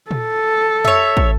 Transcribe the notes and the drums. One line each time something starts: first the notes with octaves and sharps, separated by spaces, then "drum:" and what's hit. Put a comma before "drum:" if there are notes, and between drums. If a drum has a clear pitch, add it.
A4, drum: tom A#2
C#5 E5, drum: tom F2
drum: kick